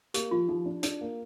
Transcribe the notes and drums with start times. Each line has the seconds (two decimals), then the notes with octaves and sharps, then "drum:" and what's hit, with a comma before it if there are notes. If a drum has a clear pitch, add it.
0.14 A#3 G4, drum: hi-hat
0.31 F3 F4
0.48 F3 D#4
0.66 D4
0.83 D4, drum: hi-hat
1.01 A#3